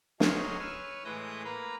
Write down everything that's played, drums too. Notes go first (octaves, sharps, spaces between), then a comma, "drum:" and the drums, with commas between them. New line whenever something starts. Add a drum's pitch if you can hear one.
F#3 D#4 G#4 C#5 C6 F6, drum: snare
B4 C#5 G#5 E6 F6
A2 E3 G#3 B4 G6 A#6
A#3 B4 A#5 B5